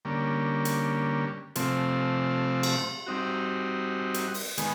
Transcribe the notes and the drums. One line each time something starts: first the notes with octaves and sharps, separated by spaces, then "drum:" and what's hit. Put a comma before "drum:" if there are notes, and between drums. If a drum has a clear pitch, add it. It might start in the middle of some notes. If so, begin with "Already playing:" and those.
D3 G3 A#3 C#4
drum: hi-hat
C3 F3 A3 C4, drum: hi-hat
drum: cymbal
G3 C4 D#4 F#4
drum: hi-hat
drum: open hi-hat
D#3 G#3 B3, drum: hi-hat